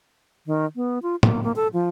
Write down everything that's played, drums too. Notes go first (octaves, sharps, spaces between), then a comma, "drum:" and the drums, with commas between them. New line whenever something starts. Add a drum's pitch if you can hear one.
D#3
B3
F4
A#3, drum: tom A2
A#3
A4
F3